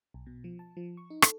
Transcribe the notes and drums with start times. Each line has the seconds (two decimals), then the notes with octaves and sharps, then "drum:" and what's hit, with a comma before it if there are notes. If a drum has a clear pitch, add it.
0.14 B1
0.26 B2
0.44 F3
0.59 A5
0.77 F3
0.97 C#6
1.10 D#4
1.22 A4, drum: rim click